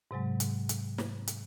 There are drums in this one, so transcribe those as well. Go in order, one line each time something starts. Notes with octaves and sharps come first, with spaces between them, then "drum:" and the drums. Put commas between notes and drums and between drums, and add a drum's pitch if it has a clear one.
G#2 C3 F#3 G#3
drum: hi-hat
drum: hi-hat
drum: snare
drum: hi-hat